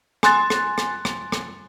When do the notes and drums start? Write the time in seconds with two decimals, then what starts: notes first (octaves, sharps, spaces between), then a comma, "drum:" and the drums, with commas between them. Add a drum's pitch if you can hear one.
0.23 G#5 C6 F#6 A6, drum: rim click
0.50 drum: rim click
0.78 drum: rim click
1.05 drum: rim click
1.32 drum: rim click